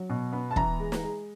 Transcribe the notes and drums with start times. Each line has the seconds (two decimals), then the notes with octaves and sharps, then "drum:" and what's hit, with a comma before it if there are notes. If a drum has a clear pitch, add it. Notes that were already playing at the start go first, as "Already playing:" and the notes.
Already playing: F#3
0.10 B2
0.33 B3
0.51 A5
0.56 E3 A#5, drum: kick
0.80 G#3
0.92 drum: snare
1.03 G#3